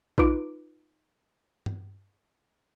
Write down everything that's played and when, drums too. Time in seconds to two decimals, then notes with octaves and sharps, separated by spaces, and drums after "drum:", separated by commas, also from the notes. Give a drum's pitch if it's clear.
0.18 D#4 F4 B4 D6 D7, drum: kick A#1
1.66 drum: tom G2